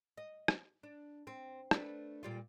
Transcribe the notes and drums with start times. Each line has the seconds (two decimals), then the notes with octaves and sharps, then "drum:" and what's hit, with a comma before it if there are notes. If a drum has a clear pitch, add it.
0.17 D#5
0.48 drum: rim click
0.83 D4
1.27 C4
1.71 A3 D4 B4, drum: rim click
2.23 A#2 G3 F4